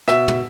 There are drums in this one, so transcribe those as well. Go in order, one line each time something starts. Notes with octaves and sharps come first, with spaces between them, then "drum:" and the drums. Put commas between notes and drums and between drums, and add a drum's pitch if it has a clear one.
B2 E5, drum: rim click
drum: tom